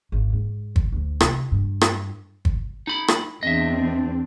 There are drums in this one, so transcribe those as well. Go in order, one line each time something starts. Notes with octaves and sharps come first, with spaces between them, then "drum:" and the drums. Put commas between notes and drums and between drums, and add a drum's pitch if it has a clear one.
G#1
G#2
drum: kick
D2
C2, drum: rim click
G2
drum: rim click
drum: kick
D#4 B5
drum: rim click
E2 C4 D4 D#5 E5